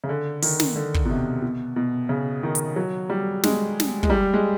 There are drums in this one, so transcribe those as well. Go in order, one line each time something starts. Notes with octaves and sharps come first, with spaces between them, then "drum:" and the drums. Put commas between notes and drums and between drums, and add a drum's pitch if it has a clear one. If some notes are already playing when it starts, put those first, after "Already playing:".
C#3
D3
D#3, drum: open hi-hat
drum: snare
D3
drum: kick
B2
C3
B2
B2
C#3
D#3
drum: hi-hat
F#3
G3
G#3, drum: snare
drum: snare
G#3, drum: kick
G3
G#3